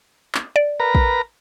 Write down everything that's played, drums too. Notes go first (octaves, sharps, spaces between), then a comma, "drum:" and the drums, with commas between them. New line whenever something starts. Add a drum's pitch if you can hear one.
drum: clap
D5
A#4 B4 A#5
drum: kick